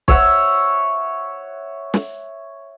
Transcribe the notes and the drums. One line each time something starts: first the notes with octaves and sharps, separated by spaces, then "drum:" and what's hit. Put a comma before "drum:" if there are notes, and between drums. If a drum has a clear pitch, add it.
C#5 E5 F#5, drum: kick
drum: snare